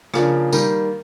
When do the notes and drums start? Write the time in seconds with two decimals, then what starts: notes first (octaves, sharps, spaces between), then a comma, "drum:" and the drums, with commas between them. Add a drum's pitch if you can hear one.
0.14 C#3 F3 A#3 D4, drum: rim click
0.53 D#3 G3 A#3, drum: tambourine